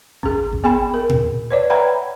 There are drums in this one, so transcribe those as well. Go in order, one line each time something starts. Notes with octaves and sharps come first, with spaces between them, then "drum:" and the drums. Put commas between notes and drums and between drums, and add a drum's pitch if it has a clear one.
C#4 G#4, drum: kick G#1
drum: kick G#1
B3 G#4 G5 B5
A#4
drum: tom A#2
B4 C#5 D5
B4 E5 F#5 G5 A#5 B5